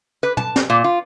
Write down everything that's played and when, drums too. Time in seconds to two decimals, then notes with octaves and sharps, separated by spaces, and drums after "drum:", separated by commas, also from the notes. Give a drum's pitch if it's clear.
0.23 B4
0.37 A5, drum: tom
0.56 drum: snare
0.70 A#2
0.84 F4